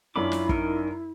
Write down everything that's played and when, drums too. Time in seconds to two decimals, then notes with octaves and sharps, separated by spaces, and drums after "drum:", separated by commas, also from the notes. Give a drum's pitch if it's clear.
0.16 F#2 C#4 D4 E4 F4 B5 D6
0.32 drum: snare
0.49 D#4 A#4, drum: kick